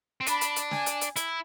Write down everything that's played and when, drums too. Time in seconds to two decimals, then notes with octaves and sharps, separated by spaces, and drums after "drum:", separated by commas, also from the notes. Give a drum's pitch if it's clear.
0.21 C4
0.26 D4 B5, drum: hi-hat
0.41 drum: hi-hat
0.56 drum: hi-hat
0.71 G#5, drum: snare
0.86 drum: hi-hat
1.01 drum: hi-hat
1.16 E4, drum: hi-hat